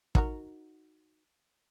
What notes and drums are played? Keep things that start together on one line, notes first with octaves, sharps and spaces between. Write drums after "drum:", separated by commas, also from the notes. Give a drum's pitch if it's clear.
D#4 F#4 A#4, drum: kick